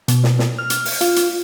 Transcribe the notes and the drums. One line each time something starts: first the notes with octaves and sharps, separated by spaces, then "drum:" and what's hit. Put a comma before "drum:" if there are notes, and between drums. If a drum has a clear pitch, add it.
B2, drum: hi-hat
drum: snare
drum: snare
F6
drum: hi-hat
drum: open hi-hat
F4, drum: hi-hat
drum: hi-hat